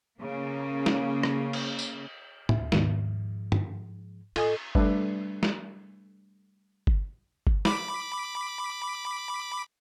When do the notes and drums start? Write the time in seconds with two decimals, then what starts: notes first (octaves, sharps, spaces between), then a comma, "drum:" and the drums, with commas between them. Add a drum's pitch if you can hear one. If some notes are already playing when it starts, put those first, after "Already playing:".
0.19 C#3 A#3
0.86 drum: snare
1.23 drum: rim click
1.53 drum: cymbal
1.79 drum: tambourine
2.49 D2 E5, drum: tom
2.72 D#2 G#2 B2 F3, drum: snare
3.52 drum: tom
4.36 A2 F4 A4 D#5 G#5 D#6, drum: cymbal
4.75 G3 A3 D4 B4 D5 E5, drum: kick G1
5.43 drum: snare
6.87 drum: kick G1
7.47 drum: kick G1
7.65 B5 D6, drum: snare